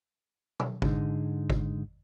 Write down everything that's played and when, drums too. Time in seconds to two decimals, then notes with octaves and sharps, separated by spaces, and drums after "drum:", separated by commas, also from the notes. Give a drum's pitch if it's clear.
0.60 drum: tom B2
0.82 G#2 D3 G#3 D#4, drum: kick G#1
1.50 drum: kick G#1